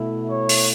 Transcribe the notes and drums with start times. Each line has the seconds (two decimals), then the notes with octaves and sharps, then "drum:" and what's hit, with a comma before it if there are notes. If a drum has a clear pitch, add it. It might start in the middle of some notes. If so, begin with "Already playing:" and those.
Already playing: B2 A3 E4
0.29 C#5
0.49 drum: open hi-hat